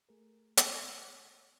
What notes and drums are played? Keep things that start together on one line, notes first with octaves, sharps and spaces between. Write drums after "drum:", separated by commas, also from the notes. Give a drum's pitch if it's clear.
A3 G#4 A#4
drum: hi-hat